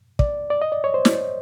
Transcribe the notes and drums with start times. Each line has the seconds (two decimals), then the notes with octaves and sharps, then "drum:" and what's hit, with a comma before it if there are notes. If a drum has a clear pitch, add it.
0.19 D5, drum: kick
0.50 D5
0.62 D#5
0.72 D5
0.84 C#5
0.94 C5
1.05 drum: snare